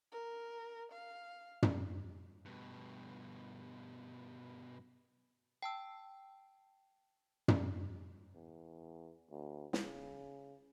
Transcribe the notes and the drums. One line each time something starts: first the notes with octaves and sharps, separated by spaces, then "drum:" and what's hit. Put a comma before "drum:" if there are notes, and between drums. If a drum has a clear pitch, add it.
A#4
F5
drum: tom
G2 B2
G5 A5 E6
drum: tom
E2
D2
C#3, drum: snare